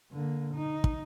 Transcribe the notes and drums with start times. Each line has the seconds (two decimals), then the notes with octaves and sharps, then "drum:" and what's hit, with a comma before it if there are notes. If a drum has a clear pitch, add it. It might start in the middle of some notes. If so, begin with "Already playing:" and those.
0.11 D3 A#3
0.54 D#4
0.84 drum: kick